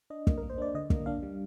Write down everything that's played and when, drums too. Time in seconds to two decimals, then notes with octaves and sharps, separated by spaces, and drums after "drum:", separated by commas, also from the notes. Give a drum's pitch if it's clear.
0.10 D4 D#5
0.27 A#3, drum: kick
0.38 A#4
0.43 A#3
0.50 C5
0.58 D4 D5
0.74 D3 D#5
0.90 A#3, drum: kick
1.06 D4 F5
1.23 G3